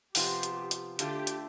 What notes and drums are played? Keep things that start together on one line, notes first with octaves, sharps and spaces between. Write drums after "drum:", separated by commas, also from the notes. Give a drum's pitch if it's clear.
C3 F3 B3 F4 G4, drum: open hi-hat
drum: hi-hat
drum: hi-hat
D3 A3 D4 F4 G4, drum: hi-hat
drum: hi-hat